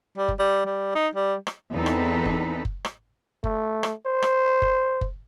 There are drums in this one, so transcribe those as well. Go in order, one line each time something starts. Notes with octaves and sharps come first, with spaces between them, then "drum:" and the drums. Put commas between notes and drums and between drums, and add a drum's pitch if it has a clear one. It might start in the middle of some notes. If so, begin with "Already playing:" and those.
G3
drum: kick F#1
G3
G3
D#4
G3
drum: rim click
E2 E3 C4 D#4 A4 B4
drum: rim click
drum: kick F#1
drum: kick F#1
drum: rim click
A3, drum: kick F#1
drum: rim click
C5
drum: rim click
drum: kick F#1
drum: kick F#1